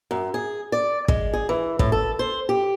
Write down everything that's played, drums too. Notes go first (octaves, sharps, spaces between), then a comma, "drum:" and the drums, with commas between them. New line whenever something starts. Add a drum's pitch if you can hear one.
F#2
G#4
D5
G#3, drum: kick
G#4
E3
A2, drum: kick
A4
C5
G4